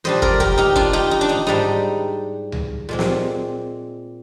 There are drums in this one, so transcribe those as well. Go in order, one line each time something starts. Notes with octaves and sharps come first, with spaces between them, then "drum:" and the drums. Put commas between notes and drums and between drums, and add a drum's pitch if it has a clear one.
A#2 G3 D4 C5 D#5
A#4 D5, drum: kick
G4 A#4, drum: kick
D#4 G4
D4 F4, drum: kick
D#4 G4
D#4
D4
D#4
G#2 G3 D4 D#4
drum: tom C#2
A#2 G#3 C4
drum: snare